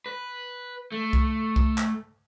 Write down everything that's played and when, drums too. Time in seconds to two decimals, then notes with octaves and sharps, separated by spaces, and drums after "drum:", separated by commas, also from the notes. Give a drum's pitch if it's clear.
0.06 B4
0.92 A3
1.13 drum: kick C2
1.56 drum: kick C2
1.78 drum: clap